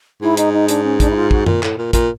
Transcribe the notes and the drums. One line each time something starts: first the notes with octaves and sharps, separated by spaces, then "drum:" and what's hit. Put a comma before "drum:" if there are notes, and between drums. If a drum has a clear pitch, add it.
G#2 E4
D#4, drum: hi-hat
D#4
D4, drum: hi-hat
C#4
D4, drum: kick, hi-hat
E4
F4
F#4, drum: kick
A#2, drum: tom F#2
A2, drum: clap
A#2
A#2, drum: kick, hi-hat